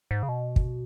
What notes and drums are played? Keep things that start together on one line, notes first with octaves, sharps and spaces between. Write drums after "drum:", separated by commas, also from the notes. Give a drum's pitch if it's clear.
G#2
C#3
B2
drum: kick